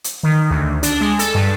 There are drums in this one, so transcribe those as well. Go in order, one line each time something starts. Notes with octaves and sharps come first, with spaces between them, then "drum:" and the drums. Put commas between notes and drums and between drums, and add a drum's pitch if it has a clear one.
drum: hi-hat
D#3
D2
D4, drum: hi-hat
G#3
A4, drum: hi-hat
G2